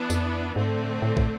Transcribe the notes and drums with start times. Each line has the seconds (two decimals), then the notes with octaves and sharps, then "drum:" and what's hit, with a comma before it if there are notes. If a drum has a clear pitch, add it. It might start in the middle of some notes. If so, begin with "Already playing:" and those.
Already playing: E3 B3 D4
0.10 F2, drum: tambourine
0.55 G#2 D3 A3 C4
0.78 A2
1.02 A2
1.17 A2, drum: kick